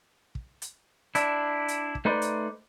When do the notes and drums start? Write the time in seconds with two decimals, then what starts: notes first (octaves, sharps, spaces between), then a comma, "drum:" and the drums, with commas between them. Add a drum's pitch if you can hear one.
0.35 drum: kick
0.62 drum: hi-hat
1.15 D4 E4, drum: hi-hat
1.68 drum: hi-hat
1.95 drum: kick
2.05 A3 D#4 B4 C5 D5
2.22 drum: hi-hat